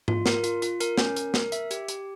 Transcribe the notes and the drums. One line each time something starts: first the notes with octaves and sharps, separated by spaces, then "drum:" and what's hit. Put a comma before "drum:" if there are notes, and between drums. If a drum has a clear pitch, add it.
F4, drum: tom G#2
A#4, drum: snare
F4, drum: hi-hat
F4, drum: hi-hat
A#4, drum: hi-hat
C#4, drum: snare
A#4, drum: hi-hat
A#4, drum: snare
E5, drum: hi-hat
G4, drum: hi-hat
G4, drum: hi-hat